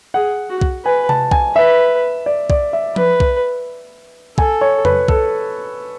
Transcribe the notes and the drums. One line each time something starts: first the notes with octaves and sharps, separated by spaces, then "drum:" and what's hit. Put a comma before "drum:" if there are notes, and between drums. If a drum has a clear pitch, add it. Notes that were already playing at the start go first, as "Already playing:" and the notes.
G#4 F#5
F#4
drum: kick B1
B4 G#5
A5, drum: tom C3
G#5, drum: kick B1
B4 E5
D5
D5, drum: kick B1
E5
B4, drum: tom F3
drum: kick B1
A4 G#5, drum: kick B1
C#5
B4, drum: tom F2
A4, drum: kick B1